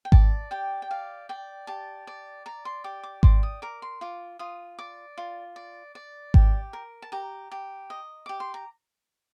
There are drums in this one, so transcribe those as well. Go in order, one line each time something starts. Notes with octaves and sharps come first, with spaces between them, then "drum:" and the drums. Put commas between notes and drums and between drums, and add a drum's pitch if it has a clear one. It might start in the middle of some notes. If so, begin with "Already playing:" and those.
G5
D5 A5, drum: kick G#1
G4 G5
G5
D5 F5
D5 G5
G4 A5
D5
D5 A#5
C6
G4 D6
D6
D5 C6, drum: kick G#1
D#6
A#4 D6
C6
F4 D6
F4 D#6
D5 D6
F4
D5
D5
G4, drum: kick G#1
A#4
A5
G4 A#5
G4
D#5
G4 D6
C6
A#5